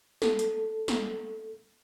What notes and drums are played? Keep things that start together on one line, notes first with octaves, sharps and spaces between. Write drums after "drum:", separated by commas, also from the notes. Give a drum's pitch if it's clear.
A4, drum: snare
drum: hi-hat
drum: snare